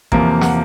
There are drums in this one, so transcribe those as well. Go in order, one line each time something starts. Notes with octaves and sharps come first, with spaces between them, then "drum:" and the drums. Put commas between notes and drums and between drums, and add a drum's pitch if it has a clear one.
E2 C3 F3 A#3, drum: kick
F#5, drum: snare